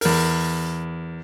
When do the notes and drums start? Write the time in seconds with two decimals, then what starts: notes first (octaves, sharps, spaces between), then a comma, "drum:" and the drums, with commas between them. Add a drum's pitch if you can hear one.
0.01 E2 A#4, drum: open hi-hat